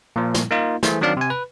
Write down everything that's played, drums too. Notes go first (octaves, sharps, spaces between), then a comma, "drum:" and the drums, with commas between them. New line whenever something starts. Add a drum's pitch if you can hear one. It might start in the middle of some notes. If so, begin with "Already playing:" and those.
A#2 F3
drum: snare
A#3 D#4 F4
E3 A3 G#4 C5, drum: snare
D#3 F#3 C4 D4 D5 F5
C3 G#5
B4